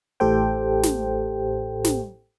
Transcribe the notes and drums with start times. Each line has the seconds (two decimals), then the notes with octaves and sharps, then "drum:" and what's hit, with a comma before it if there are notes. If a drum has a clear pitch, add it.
0.20 A1 A2 G4 A4 C5 G5
0.83 drum: snare
1.84 drum: snare